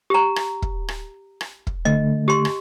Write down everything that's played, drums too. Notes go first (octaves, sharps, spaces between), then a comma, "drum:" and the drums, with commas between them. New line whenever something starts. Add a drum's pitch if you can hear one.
G4 A#5
drum: rim click
drum: kick
drum: rim click
drum: rim click
drum: kick
D3 A3 D#5
G4 C6
drum: rim click